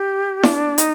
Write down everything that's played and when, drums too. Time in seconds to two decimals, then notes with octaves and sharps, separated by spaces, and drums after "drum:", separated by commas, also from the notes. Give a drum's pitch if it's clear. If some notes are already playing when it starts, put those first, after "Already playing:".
Already playing: G4
0.43 D4, drum: snare E4
0.78 D#4, drum: hi-hat